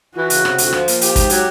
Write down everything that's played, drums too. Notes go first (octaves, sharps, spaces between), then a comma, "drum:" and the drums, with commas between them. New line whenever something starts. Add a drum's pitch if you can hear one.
E3 F#4
C#3, drum: hi-hat
C3, drum: rim click
D2, drum: hi-hat
F3, drum: rim click
A#2, drum: hi-hat
F3 G4, drum: hi-hat
G#2, drum: kick, hi-hat
F#3, drum: hi-hat